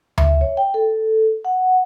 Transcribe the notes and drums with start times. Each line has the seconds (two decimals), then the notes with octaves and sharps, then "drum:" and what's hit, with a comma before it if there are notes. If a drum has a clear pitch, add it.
0.18 E5, drum: tom D2
0.41 C#5
0.57 G5
0.74 A4
1.45 F#5